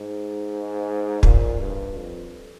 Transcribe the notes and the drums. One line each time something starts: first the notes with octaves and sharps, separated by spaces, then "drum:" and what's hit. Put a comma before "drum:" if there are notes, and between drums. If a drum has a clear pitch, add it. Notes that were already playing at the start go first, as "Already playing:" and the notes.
Already playing: G#2
A#2, drum: kick
G2
F2